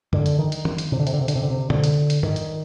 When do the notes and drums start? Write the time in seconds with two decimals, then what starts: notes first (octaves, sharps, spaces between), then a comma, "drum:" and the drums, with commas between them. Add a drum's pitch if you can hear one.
0.13 D3, drum: tom
0.26 drum: hi-hat
0.39 D#3
0.52 drum: hi-hat
0.65 drum: tom
0.78 drum: hi-hat
0.92 C3
0.99 D3
1.07 C3, drum: hi-hat
1.13 D3
1.21 C3
1.28 D3, drum: hi-hat
1.35 C3
1.43 D3
1.50 C3
1.70 D3, drum: tom B2
1.84 drum: hi-hat
2.10 drum: hi-hat
2.23 D#3, drum: tom
2.36 drum: hi-hat